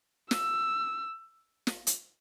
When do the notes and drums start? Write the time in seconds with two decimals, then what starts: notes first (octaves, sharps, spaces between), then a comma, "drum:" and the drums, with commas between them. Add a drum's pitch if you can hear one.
0.31 E6, drum: snare
1.67 drum: snare
1.87 drum: hi-hat